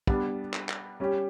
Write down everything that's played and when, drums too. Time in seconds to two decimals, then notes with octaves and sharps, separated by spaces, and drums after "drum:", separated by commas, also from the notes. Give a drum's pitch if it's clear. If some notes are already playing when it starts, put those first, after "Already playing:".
0.07 G3 B3 D4, drum: kick
0.54 drum: clap
0.69 drum: clap
1.00 G3 C#4 G4